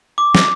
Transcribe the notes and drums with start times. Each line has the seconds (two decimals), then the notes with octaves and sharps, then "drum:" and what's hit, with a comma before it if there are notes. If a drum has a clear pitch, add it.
0.18 D6
0.35 drum: snare